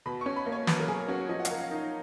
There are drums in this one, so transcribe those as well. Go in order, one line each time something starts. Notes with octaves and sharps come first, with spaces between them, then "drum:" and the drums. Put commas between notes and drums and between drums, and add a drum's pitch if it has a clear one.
B2 B5
C#4 C#6
B5
A#3
C#5
F#3 B4, drum: snare
A#4
B2 G#4
C#4 F#4
F3 D#5
F#5
F5, drum: hi-hat
A#4
F5
D#4 F5